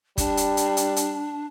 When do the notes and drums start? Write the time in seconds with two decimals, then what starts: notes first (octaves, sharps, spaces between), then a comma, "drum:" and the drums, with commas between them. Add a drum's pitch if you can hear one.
0.18 G3 D4, drum: kick, hi-hat
0.37 drum: hi-hat
0.57 drum: hi-hat
0.77 drum: hi-hat
0.96 drum: hi-hat